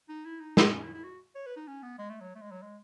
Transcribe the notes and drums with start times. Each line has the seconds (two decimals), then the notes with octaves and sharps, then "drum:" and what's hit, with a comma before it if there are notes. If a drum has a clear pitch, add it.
0.09 D#4
0.25 E4
0.40 D#4
0.57 G#3, drum: snare
0.72 C#4
0.83 E4
0.94 E4
1.04 F#4
1.35 C#5
1.46 B4
1.56 D#4
1.67 C#4
1.83 B3
1.98 G#3
2.09 A3
2.21 F#3
2.35 A3
2.41 G#3
2.51 F#3
2.62 G#3